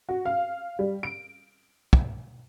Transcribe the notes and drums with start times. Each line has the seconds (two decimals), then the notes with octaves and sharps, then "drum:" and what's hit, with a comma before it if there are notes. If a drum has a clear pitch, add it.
0.09 F#4
0.25 F5
0.79 G3
1.03 D7
1.93 drum: kick